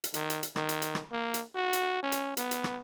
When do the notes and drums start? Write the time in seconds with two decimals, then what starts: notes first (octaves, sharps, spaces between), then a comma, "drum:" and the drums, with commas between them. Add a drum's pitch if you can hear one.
0.04 drum: hi-hat
0.14 D#3, drum: hi-hat
0.30 drum: hi-hat
0.43 drum: hi-hat
0.56 D#3, drum: rim click
0.69 drum: hi-hat
0.82 drum: hi-hat
0.95 drum: rim click
1.12 A#3
1.34 drum: hi-hat
1.55 F#4
1.73 drum: hi-hat
2.03 C#4
2.12 drum: hi-hat
2.37 B3, drum: hi-hat
2.51 drum: hi-hat
2.64 drum: rim click